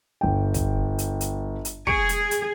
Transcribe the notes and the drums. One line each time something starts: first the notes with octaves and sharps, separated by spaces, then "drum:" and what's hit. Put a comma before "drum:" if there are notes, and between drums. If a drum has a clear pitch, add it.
G1 G5
drum: kick, hi-hat
drum: hi-hat
drum: hi-hat
drum: hi-hat
G#4 C#6 C#7 D7, drum: kick
drum: hi-hat
drum: hi-hat